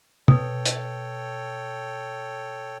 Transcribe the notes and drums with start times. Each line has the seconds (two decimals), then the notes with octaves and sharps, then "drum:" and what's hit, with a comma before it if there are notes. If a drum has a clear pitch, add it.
0.28 B2 A4 C#5 G5, drum: tom
0.65 drum: hi-hat